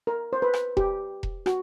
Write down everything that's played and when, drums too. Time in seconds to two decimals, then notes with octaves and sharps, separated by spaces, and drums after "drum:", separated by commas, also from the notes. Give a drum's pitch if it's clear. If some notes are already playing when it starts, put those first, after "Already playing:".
0.07 A#4
0.33 C5
0.42 B4
0.54 drum: rim click
0.77 G4, drum: kick E1
1.23 drum: kick E1
1.46 F#4, drum: rim click